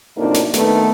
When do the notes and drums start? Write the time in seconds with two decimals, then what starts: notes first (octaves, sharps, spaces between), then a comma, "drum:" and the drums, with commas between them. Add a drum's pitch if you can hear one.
0.17 F#2 A2 C3 A#3 D4 D#4
0.34 drum: snare
0.54 D#3 A3 B3, drum: snare